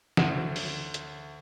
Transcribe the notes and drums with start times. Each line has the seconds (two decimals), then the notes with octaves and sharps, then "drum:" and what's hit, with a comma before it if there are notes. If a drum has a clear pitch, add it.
0.17 D2, drum: snare
0.56 drum: open hi-hat
0.94 drum: hi-hat